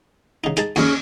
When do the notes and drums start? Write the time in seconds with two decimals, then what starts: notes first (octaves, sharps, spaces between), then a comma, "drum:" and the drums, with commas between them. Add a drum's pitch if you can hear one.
0.44 C#3 D#4
0.57 D#4 G#4 A5, drum: hi-hat
0.76 D#2 C#4 G#4 C#5, drum: cymbal